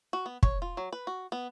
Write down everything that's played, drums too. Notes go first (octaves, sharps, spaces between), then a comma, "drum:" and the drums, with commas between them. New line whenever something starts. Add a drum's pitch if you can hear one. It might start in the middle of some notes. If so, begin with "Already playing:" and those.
F#4
B3
C#5, drum: kick
F4
F#3
B4
F#4
B3